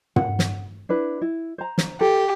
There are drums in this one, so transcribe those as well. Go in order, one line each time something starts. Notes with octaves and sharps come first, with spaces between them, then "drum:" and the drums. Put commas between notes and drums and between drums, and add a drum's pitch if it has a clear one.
F#5, drum: tom
drum: snare
D4 E4 B4
E4
C5 A#5
drum: snare
G4 A4